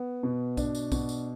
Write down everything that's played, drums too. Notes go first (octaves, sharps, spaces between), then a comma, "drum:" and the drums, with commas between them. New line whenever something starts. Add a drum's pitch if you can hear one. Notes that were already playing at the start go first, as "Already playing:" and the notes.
Already playing: B3
B2
D4, drum: kick B1, tambourine
drum: tambourine
B2, drum: kick B1, tambourine
drum: tambourine